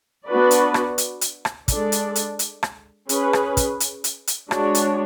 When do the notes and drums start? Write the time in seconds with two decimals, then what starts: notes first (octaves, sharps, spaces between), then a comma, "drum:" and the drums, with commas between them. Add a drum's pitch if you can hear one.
0.27 B3 D4 F#4 B4 D5
0.51 drum: hi-hat
0.74 drum: rim click
0.98 drum: hi-hat
1.21 drum: hi-hat
1.45 drum: rim click
1.68 G#3 D4 A4 D5, drum: kick, hi-hat
1.92 drum: hi-hat
2.16 drum: hi-hat
2.39 drum: hi-hat
2.63 drum: rim click
3.09 C#4 G#4 B4, drum: hi-hat
3.33 drum: rim click
3.57 drum: kick, hi-hat
3.80 drum: hi-hat
4.04 drum: hi-hat
4.27 drum: hi-hat
4.51 G#3 D4 F#4 C#5, drum: rim click
4.75 drum: hi-hat